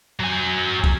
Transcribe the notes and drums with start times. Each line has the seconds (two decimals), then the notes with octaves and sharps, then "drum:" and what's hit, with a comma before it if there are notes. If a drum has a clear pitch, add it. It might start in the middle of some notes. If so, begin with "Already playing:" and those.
0.20 F#3 G#5
0.84 drum: kick